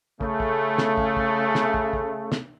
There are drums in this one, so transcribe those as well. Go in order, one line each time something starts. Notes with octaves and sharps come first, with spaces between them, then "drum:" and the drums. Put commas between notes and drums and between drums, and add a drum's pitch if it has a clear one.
C#3 A3, drum: kick
drum: kick
drum: snare
drum: kick
drum: kick
drum: snare
drum: kick
drum: kick
drum: snare